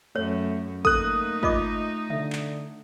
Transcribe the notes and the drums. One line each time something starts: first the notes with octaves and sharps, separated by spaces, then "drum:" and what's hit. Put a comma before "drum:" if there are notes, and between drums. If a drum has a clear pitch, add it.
F#2 A3 C#5
A3 A#3 D#4 A4 D#6 F#6, drum: kick
F4 D#5 D6, drum: kick
D3 E5, drum: tom B2
drum: clap